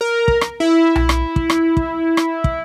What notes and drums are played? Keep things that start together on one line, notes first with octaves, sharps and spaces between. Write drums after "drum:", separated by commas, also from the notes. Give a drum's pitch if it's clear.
A#4
drum: kick
drum: rim click
E4
drum: tom B1
drum: rim click
drum: kick
drum: rim click
drum: kick
drum: rim click
drum: kick